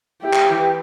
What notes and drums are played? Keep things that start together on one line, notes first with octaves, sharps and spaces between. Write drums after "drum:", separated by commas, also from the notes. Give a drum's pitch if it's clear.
E4 G4
drum: clap
E3